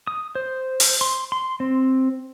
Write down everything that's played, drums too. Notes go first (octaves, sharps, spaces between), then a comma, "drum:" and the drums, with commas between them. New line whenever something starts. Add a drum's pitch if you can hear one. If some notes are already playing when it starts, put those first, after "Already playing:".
D#6
C5
drum: open hi-hat
C6
C6
C4